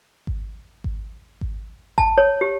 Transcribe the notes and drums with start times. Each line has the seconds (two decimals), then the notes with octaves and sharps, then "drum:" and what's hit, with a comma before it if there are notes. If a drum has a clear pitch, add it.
0.27 drum: kick G#1
0.84 drum: kick G#1
1.41 drum: kick G#1
1.98 A5, drum: kick G#1
2.18 C#5
2.41 G4